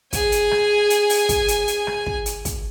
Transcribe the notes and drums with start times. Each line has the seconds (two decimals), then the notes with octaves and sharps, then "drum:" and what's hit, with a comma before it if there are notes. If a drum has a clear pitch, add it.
0.13 G#4 G#5, drum: kick, hi-hat
0.32 drum: hi-hat
0.51 drum: rim click
0.90 drum: hi-hat
1.09 drum: open hi-hat
1.29 drum: kick, hi-hat
1.48 drum: hi-hat
1.68 drum: hi-hat
1.87 drum: rim click
2.06 drum: kick
2.26 drum: hi-hat
2.45 drum: kick, hi-hat